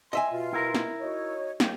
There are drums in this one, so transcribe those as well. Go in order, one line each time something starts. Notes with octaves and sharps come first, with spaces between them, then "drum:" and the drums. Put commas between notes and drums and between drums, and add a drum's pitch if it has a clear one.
D#5 E5 G5 G#5 C6
B2 F4
E4 A#4
drum: snare
D#4 F#4 C#5
D#2 G3 G4, drum: snare